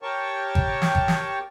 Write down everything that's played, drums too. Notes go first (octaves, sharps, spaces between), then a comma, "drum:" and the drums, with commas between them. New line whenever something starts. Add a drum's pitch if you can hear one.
G4 A#4 C#5 G5 A5 C#6
drum: kick G#1
drum: snare
drum: kick G#1
drum: snare